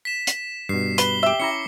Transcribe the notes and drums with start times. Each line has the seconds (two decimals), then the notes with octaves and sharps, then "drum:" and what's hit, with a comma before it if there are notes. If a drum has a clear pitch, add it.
0.05 B6 E7
0.27 drum: hi-hat
0.69 G2 B2 C7
0.98 B4 G7, drum: hi-hat
1.23 G4 E5
1.40 C#4 E4 A#5 D6 C#7